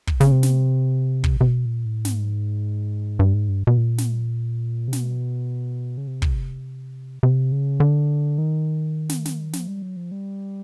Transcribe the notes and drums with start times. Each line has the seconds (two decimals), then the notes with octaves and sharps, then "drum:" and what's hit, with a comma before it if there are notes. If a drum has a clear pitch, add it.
0.07 drum: kick
0.20 C#3, drum: snare
0.31 C3
0.43 drum: snare
1.24 drum: kick
1.41 C3
1.47 B2
1.66 A#2
1.85 A2
2.05 G#2, drum: snare
3.19 G2
3.34 G#2
3.48 G2
3.67 B2
3.77 A#2
3.98 drum: snare
4.88 C3
4.93 B2, drum: snare
5.97 C#3
6.07 C3
6.22 drum: kick
7.23 C3
7.52 C#3
7.80 D3
8.38 D#3
9.09 drum: snare
9.25 drum: snare
9.53 F3, drum: snare
9.67 G3
9.82 F#3
9.97 F3
10.12 G3